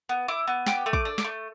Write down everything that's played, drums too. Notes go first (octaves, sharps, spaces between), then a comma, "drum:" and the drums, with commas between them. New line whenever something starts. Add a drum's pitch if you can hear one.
B3
E4 D6
B3
G4 D6, drum: snare
A3
D6, drum: kick
D4
D6, drum: snare
A3